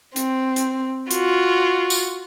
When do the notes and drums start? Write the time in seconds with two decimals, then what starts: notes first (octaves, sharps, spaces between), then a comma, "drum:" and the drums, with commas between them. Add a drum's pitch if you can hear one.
0.16 C4, drum: hi-hat
0.56 drum: hi-hat
1.11 F4 F#4, drum: hi-hat
1.90 drum: tambourine